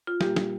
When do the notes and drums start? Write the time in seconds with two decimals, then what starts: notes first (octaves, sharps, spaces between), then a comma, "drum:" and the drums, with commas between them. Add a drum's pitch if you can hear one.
0.07 F4
0.21 A#2 G3 A#3 G4, drum: snare
0.36 drum: snare